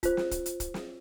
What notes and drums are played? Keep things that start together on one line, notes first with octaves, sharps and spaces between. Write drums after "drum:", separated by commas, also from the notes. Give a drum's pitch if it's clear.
F4 C5, drum: kick, hi-hat
drum: snare
drum: kick, hi-hat
drum: hi-hat
drum: kick, hi-hat
drum: snare